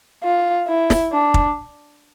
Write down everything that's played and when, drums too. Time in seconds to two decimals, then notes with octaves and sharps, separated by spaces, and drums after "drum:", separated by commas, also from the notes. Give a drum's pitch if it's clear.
0.23 F4
0.68 E4
0.90 drum: snare
1.12 D4
1.34 drum: kick